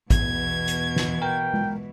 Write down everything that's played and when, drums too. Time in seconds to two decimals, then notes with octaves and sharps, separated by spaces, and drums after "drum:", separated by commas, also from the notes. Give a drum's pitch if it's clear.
0.10 E2 B2 E3 G#6, drum: kick, hi-hat
0.68 drum: hi-hat
0.96 drum: snare
1.22 A#4 G5
1.54 drum: tom G#3